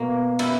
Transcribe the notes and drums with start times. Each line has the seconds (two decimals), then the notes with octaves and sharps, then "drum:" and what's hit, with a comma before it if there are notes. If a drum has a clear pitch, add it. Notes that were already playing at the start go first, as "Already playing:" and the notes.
Already playing: B2 A#3
0.39 E4, drum: cymbal